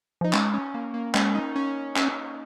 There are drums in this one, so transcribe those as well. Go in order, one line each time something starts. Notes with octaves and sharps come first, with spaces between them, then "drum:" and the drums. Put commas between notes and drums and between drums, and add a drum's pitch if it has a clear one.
F3 D#4
G#3 C#4, drum: clap
C#4
A#3
A#3
G#3 C#4, drum: clap
D#4
C#4
C#4, drum: clap